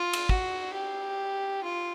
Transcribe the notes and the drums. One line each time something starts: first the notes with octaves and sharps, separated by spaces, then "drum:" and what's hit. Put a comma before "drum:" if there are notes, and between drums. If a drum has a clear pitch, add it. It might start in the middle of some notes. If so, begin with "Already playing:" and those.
Already playing: F4
drum: cymbal
F#4, drum: kick
G4
F4